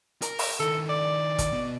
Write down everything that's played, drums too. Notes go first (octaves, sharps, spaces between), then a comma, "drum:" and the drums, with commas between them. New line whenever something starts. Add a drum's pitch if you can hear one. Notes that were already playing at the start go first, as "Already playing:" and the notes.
A#4, drum: hi-hat
drum: open hi-hat
D#3 E4 A4
D5
drum: kick, hi-hat
B2